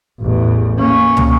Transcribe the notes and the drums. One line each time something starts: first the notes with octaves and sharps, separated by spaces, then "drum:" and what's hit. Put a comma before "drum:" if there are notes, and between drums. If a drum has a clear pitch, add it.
A1 E2
A#3 C#4
drum: tom